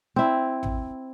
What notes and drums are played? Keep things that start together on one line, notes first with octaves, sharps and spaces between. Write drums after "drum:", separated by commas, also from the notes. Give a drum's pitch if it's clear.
C4 E4
drum: tom A1